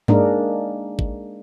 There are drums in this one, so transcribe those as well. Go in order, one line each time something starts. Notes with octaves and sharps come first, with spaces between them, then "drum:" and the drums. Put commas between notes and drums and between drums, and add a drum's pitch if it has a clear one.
G#3 A#3 D4 D#4 A#4, drum: tom G2
drum: kick